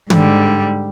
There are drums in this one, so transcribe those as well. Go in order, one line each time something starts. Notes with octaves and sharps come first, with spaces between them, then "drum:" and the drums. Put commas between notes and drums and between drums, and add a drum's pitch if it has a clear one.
G#2 D3 G3, drum: tom